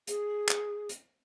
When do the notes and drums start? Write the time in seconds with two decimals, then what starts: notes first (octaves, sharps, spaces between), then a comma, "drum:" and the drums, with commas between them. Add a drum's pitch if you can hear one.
0.07 G#4, drum: hi-hat
0.48 drum: clap
0.89 drum: hi-hat